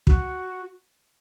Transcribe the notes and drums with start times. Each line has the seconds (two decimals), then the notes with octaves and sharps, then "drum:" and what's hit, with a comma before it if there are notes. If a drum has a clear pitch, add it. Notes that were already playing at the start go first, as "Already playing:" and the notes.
0.07 F#4, drum: kick